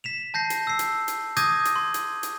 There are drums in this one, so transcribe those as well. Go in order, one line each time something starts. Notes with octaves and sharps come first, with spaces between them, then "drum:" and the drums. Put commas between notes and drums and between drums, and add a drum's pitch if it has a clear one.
B6 E7 F7
A5 G6 A#6 C7
drum: hi-hat
E6 C7
drum: hi-hat
drum: hi-hat
D6 D#6 G6 G#6 A#6 D#7, drum: hi-hat
drum: hi-hat
C6
drum: hi-hat
drum: hi-hat